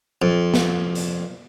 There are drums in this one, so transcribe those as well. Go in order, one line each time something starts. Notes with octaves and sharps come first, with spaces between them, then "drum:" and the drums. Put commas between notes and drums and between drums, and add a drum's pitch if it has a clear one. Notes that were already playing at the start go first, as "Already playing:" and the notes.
F2
drum: snare
drum: hi-hat